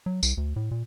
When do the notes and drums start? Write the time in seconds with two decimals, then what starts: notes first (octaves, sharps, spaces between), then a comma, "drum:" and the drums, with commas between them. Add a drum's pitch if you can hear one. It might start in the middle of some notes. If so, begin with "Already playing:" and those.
0.06 F#3
0.23 C2, drum: tambourine
0.37 D2
0.56 A2
0.71 A#2